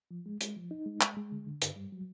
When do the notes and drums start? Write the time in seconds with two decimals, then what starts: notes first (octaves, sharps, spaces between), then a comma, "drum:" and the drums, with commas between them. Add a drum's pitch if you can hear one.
0.11 F3
0.26 G#3
0.41 G#3, drum: hi-hat
0.57 F3
0.71 D#4
0.86 G#3
1.01 G#3, drum: clap
1.17 G#3
1.32 D3
1.46 D3
1.62 G2, drum: hi-hat
1.76 G3
1.92 F#3